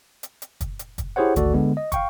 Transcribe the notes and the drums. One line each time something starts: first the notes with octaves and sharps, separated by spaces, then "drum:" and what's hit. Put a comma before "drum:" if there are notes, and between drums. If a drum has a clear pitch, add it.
drum: hi-hat
drum: hi-hat
drum: kick, hi-hat
drum: hi-hat
drum: kick, hi-hat
E4 G4 G#4 C5 C#5 F#5
G#1 D2 F#4 A4 D5, drum: hi-hat
D3 G#3 B3
D#5
F5 G5 C#6, drum: kick, hi-hat